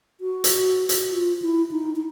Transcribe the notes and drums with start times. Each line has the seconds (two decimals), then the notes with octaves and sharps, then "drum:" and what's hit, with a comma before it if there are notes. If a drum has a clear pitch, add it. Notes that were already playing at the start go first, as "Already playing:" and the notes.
0.21 F#4
0.44 drum: hi-hat
0.89 drum: hi-hat
1.12 F4
1.42 E4
1.71 D#4
1.96 D#4